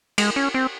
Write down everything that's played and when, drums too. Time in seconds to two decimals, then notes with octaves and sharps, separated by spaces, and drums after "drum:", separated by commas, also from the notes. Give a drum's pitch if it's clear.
0.18 G#3, drum: cymbal
0.36 C#4
0.54 C4